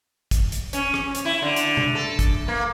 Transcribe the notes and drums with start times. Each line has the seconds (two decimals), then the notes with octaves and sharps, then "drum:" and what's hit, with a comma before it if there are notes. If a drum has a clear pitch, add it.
0.31 drum: kick, hi-hat
0.52 drum: hi-hat
0.73 C#4, drum: hi-hat
0.94 drum: rim click
1.15 drum: hi-hat
1.25 E4
1.42 D3
1.56 drum: hi-hat
1.77 drum: tom C3
1.95 A4
2.19 drum: kick, hi-hat
2.48 A#3